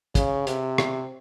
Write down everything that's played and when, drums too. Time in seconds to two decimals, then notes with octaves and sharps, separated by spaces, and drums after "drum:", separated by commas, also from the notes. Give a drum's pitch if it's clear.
0.15 C#3, drum: kick, hi-hat
0.47 C3, drum: hi-hat
0.78 drum: rim click